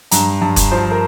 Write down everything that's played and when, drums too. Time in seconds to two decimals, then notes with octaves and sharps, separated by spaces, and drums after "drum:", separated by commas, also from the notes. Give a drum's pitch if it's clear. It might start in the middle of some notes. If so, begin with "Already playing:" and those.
0.11 G2 A#5, drum: hi-hat
0.42 G2
0.56 drum: kick F#1, hi-hat
0.71 F3 C5
0.91 A#4